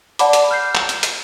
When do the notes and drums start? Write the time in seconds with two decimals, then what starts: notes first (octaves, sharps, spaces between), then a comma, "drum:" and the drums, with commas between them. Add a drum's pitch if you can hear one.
0.19 D5 F#5 A5 B5 D6, drum: hi-hat
0.33 drum: hi-hat
0.51 F6 G6 C7
0.75 drum: clap
0.89 drum: hi-hat
1.03 drum: hi-hat